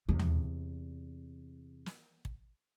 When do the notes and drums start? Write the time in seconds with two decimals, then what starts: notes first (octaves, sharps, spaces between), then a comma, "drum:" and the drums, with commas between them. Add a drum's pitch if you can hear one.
0.09 E2 C3
0.19 drum: tom D#2
1.86 drum: snare
2.25 drum: kick